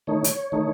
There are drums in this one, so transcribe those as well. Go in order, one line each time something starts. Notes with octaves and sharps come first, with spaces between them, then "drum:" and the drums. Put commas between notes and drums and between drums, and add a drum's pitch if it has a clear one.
D#3 A3 D#4 C#5
drum: hi-hat
D#3 A3 D#4